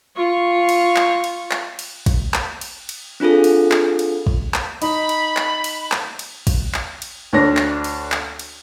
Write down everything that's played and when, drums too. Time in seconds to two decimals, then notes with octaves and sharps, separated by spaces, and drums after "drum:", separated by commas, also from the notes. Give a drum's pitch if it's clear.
0.17 F4 C#6
0.69 drum: cymbal
0.96 drum: clap
1.24 drum: cymbal
1.51 drum: clap
1.79 drum: cymbal
2.06 drum: kick, cymbal
2.34 drum: clap
2.61 drum: cymbal
2.89 drum: cymbal
3.20 C4 D4 F4 G#4 A4
3.44 drum: cymbal
3.72 drum: clap
3.99 drum: cymbal
4.27 drum: kick
4.54 drum: clap
4.82 D#4 B5, drum: cymbal
5.09 drum: cymbal
5.37 drum: clap
5.64 drum: cymbal
5.92 drum: clap
6.19 drum: cymbal
6.47 drum: kick, cymbal
6.74 drum: clap
7.02 drum: cymbal
7.33 D2 D4 C#5 A#6
7.57 drum: clap
7.84 drum: cymbal
8.12 drum: clap
8.39 drum: cymbal